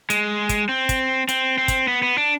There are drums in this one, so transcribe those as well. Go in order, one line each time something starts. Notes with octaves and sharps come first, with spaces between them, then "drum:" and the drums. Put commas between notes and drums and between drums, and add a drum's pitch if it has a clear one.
G#3, drum: hi-hat
drum: kick, hi-hat
C4
drum: kick, hi-hat
C4, drum: hi-hat
C4
drum: kick, hi-hat
B3
B3
D4